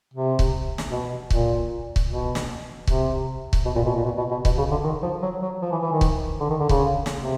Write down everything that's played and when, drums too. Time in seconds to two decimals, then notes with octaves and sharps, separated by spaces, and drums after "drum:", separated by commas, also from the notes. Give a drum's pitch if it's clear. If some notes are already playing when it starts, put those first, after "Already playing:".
0.13 C3
0.39 drum: kick C#1
0.78 drum: snare
0.91 B2
1.30 A#2, drum: kick C#1
1.96 drum: kick C#1
2.09 B2
2.35 drum: snare
2.87 C3, drum: kick C#1
3.53 drum: kick C#1
3.65 B2
3.76 A#2
3.86 B2
3.96 A#2
4.05 B2
4.18 B2
4.31 B2
4.45 B2, drum: kick C#1
4.58 C#3
4.71 D3
4.84 D#3
5.03 F3
5.22 F#3
5.42 F#3
5.62 F3
5.72 E3
5.82 E3
5.92 D#3
6.01 drum: kick C#1
6.40 D3
6.50 D#3
6.60 D3
6.69 C#3, drum: kick C#1
7.06 drum: snare
7.19 C3